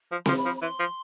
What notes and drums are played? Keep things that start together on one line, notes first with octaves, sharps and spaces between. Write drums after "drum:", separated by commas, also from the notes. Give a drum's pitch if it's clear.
F3
F3 C6, drum: snare C4
B5
F3
B5
E3 C6
F3